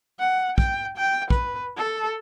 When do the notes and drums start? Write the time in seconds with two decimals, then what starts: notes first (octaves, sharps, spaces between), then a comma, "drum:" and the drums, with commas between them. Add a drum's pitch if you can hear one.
0.19 F#5
0.58 G5, drum: kick
0.97 G5
1.30 B4, drum: kick
1.77 A4